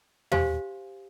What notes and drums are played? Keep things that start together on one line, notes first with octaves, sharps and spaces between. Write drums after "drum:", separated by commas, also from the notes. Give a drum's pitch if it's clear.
G4 C5 F5 G#5 C6, drum: tom